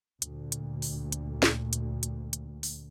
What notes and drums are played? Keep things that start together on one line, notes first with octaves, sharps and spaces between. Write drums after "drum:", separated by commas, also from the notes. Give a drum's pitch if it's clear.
D2 A#2, drum: hi-hat
drum: hi-hat
drum: open hi-hat
drum: hi-hat
drum: snare
drum: hi-hat
drum: hi-hat
drum: hi-hat
drum: open hi-hat